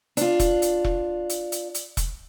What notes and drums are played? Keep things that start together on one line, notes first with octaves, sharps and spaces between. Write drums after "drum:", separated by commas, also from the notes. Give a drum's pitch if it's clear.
D4 F4, drum: hi-hat
drum: kick E1, hi-hat
drum: hi-hat
drum: kick E1
drum: hi-hat
drum: hi-hat
drum: hi-hat
drum: kick E1, hi-hat